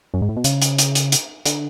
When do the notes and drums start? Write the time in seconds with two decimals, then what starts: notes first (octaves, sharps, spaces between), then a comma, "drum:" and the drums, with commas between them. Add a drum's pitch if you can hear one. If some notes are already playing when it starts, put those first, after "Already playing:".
0.14 F#2
0.22 G#2
0.29 A2
0.37 B2
0.44 C#3, drum: hi-hat
0.62 drum: hi-hat
0.78 drum: hi-hat
0.95 drum: hi-hat
1.12 drum: hi-hat
1.46 D3, drum: hi-hat